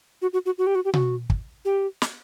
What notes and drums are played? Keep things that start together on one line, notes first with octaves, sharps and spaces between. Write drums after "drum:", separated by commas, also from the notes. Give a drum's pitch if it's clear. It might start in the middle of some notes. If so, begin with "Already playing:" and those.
F#4
F#4
F#4
F#4
G4
F#4
G4
F#4, drum: tom B2
drum: kick
G4
drum: snare